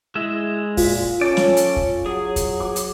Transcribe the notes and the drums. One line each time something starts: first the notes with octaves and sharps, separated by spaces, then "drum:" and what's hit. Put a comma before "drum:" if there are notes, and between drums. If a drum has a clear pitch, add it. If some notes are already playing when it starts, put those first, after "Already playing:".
G#3 E4 E5
A#2 F4, drum: kick, open hi-hat
C#4 A4 D5
drum: snare
drum: hi-hat
drum: kick
F#3 G#4
drum: kick, hi-hat
D6
drum: hi-hat